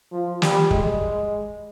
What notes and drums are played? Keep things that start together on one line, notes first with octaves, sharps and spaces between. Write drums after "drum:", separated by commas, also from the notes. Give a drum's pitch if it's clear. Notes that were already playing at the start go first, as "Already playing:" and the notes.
F3
G3, drum: snare
G#3, drum: kick